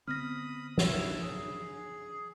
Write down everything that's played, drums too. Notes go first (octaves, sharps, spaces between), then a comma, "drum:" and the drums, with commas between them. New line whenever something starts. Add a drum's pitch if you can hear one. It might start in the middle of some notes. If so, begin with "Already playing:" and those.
D3 B3 C4 B5 D#6 F6 A#6
E4 E6, drum: snare
G#4